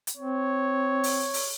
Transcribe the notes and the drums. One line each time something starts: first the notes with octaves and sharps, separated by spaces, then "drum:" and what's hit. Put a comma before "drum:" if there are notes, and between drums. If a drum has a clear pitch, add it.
drum: hi-hat
C4 C#5
drum: open hi-hat
drum: open hi-hat